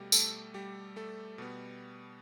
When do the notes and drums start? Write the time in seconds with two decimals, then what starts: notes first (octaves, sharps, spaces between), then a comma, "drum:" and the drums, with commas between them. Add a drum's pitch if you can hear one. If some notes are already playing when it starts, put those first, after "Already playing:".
Already playing: B2 G3 A3 G4
0.12 A3 A4, drum: tambourine
0.54 G3 G4
0.96 A3 A4
1.38 B2 G3 B3